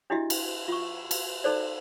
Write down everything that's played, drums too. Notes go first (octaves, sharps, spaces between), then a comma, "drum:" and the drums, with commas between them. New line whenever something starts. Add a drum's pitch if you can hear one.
D4 E4 F#4 G4 D#5 E5
drum: cymbal
F4 C#6
drum: cymbal
D#4 A4 C5 D5